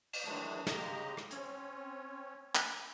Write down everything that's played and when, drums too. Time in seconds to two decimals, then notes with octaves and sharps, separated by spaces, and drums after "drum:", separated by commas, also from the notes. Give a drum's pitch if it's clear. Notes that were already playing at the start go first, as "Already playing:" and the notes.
0.13 drum: cymbal
0.25 D#3 E3 F#3 G#3 A3 D4
0.67 C#3 G#3 G4 D#5 A#5, drum: snare
1.17 drum: rim click
1.31 C4 C#4 C#5, drum: hi-hat
2.55 drum: clap